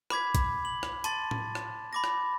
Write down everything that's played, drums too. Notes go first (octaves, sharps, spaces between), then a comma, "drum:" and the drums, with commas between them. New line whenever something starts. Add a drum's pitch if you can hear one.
B5 D6 G#6 B6, drum: rim click
drum: kick A#1, hi-hat
F#7
drum: rim click
A5 C6 A6, drum: hi-hat
drum: tom A2
drum: rim click
B5 D6 A#6
drum: rim click